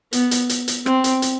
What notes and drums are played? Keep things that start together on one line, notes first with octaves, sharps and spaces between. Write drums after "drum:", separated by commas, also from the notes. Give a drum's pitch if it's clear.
B3, drum: hi-hat
drum: hi-hat
drum: hi-hat
drum: hi-hat
C4, drum: rim click
drum: hi-hat
drum: hi-hat